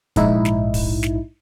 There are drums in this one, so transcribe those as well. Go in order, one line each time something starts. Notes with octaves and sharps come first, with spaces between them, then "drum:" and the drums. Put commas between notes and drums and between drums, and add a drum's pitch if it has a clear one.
A#1 G#2 D#4 E4, drum: kick, hi-hat
drum: snare
drum: kick, open hi-hat
drum: snare